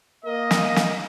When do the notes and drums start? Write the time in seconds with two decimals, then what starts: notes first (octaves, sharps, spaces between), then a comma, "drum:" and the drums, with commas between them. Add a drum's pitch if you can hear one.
0.25 A#3 A#4 D#5
0.51 drum: snare
0.76 drum: snare